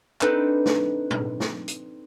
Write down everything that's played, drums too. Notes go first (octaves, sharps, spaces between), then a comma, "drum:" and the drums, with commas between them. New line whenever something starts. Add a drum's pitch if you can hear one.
C4 D4 D#4 A4 B4, drum: clap
drum: snare
drum: tom
drum: snare
drum: hi-hat